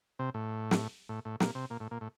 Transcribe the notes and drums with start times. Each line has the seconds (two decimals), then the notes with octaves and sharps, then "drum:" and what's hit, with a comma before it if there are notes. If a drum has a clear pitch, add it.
0.19 C3
0.34 A2
0.71 drum: snare
1.09 A2
1.25 A2
1.40 A#2, drum: snare
1.55 C3
1.70 A#2
1.80 A2
1.91 A#2
2.01 A2